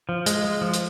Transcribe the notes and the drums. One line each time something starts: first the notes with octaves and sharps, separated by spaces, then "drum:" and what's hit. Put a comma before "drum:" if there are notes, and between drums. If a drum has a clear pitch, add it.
F3
G#3, drum: hi-hat
G#3
F3
drum: hi-hat